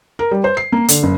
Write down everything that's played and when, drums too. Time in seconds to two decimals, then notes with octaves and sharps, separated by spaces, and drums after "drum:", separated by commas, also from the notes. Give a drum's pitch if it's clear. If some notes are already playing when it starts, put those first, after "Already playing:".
0.19 A#4
0.31 G3
0.44 C5
0.57 C7
0.72 A#3
0.88 D3, drum: hi-hat
1.03 F#1